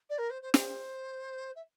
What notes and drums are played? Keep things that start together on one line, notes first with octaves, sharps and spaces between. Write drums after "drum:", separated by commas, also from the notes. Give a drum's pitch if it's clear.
D5
A#4
C5
C5
C5, drum: snare
E5